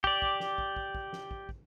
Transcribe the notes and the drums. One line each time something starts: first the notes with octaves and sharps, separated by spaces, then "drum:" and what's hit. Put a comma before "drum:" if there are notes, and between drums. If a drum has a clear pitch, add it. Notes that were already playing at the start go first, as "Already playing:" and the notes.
G4 D5, drum: kick
drum: kick
drum: snare
drum: kick
drum: kick
drum: kick
drum: snare
drum: kick
drum: kick